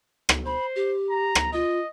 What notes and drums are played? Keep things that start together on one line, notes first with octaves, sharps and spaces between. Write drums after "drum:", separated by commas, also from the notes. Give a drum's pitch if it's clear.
drum: rim click
C5 B5
G4
A#5
drum: rim click
F4 D#5